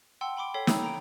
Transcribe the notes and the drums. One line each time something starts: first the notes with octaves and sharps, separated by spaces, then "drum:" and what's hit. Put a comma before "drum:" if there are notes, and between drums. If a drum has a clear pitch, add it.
F#5 G5 A5 C6 E6
G5 B5 C6 D6 D7
A4 C#5 G5 B6 C7
G5 A#5 B5 D#6 E6 G6, drum: snare
A#5 D7